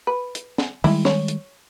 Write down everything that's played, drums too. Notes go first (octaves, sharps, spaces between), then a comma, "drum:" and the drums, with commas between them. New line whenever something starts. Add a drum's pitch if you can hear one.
B4
drum: hi-hat
drum: snare
D#3 G3 G#3 E4, drum: open hi-hat
C#5, drum: snare
drum: hi-hat